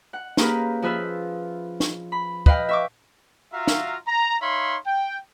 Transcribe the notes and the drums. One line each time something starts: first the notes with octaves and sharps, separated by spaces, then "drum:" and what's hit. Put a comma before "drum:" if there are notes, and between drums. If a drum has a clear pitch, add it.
F#5
A#3 C#4 G4 G#4 A#4 B4, drum: snare
F3 G#4 B4 E5 F5
drum: snare
B5
B4 D#5 F5 G5, drum: kick
E5 C#6 D6
F4 F#4 E5 F5 A#5
drum: snare
A#5
D#4 C#5 E5 F5 B5 C6
G5